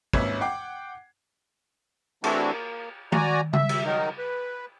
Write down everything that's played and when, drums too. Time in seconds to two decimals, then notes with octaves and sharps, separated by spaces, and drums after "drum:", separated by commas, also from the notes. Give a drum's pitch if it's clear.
0.13 G#1 D#2 C#4 B4 E5 G#6, drum: kick
0.41 F#5 G5 D6 C7
2.24 E3 A3 C4 D4 E4 F#4, drum: cymbal
2.51 A#3
3.12 F#4 D5 G#5 A#5, drum: tom D#3
3.53 E5, drum: tom C#3
3.69 drum: cymbal
3.85 D#3 F#3 D#4 A#4
4.18 B4